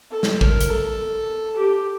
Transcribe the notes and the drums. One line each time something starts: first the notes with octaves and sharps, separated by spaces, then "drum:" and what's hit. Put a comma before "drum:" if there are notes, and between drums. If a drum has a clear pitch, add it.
A4
drum: snare
A#4, drum: kick
drum: hi-hat
A4
G4